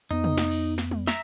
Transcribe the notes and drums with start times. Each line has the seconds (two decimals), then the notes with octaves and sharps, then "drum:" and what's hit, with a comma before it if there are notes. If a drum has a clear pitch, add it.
0.11 F2 B3 D#4
0.24 drum: tom
0.38 drum: snare
0.51 drum: cymbal
0.78 drum: snare
0.91 drum: tom
1.07 E5 A#5, drum: snare